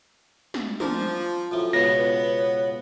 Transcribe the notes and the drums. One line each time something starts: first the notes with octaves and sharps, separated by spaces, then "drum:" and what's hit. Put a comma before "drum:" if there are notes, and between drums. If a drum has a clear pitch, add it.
drum: snare
F3 D4 A#4, drum: tom
F#2 A2 F3
C#2 B2 B3 C#5 A#6